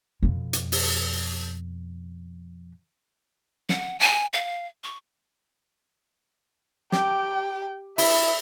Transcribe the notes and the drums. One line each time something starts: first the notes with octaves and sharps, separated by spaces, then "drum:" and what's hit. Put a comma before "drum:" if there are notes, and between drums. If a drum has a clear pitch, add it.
F2 B2
drum: hi-hat
drum: open hi-hat
F#5, drum: snare
G#5
F5
C#6
G4 G5, drum: snare
E4 E5, drum: open hi-hat